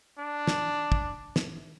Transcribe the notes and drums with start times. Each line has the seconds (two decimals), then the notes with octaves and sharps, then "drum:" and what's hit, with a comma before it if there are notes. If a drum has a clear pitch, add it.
0.18 D4
0.47 drum: snare
0.92 drum: kick
1.36 drum: snare